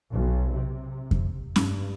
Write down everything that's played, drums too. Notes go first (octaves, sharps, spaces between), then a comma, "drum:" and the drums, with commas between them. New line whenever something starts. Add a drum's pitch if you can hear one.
B1
C3
drum: kick F2
G2, drum: snare C#4